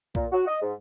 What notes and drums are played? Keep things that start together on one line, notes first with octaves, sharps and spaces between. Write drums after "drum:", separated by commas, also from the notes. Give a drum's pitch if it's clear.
A#2, drum: kick B1
F#4
D#5
G#2